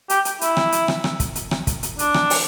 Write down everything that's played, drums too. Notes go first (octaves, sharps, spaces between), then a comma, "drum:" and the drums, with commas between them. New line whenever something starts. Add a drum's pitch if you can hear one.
G4, drum: hi-hat
drum: hi-hat
E4, drum: hi-hat
drum: rim click
drum: hi-hat
drum: rim click
drum: rim click
drum: kick, hi-hat
drum: hi-hat
drum: rim click
drum: kick, hi-hat
drum: hi-hat
D4, drum: hi-hat
drum: rim click
drum: open hi-hat